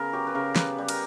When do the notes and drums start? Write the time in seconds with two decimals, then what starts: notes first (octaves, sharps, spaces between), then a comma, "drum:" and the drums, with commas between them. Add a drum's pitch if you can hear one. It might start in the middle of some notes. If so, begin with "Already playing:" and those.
Already playing: C#3 B3 A#4
0.13 F#3 G4
0.27 B4
0.35 C#3 A#4
0.56 B3 B4, drum: snare
0.78 G3
0.89 A#4, drum: cymbal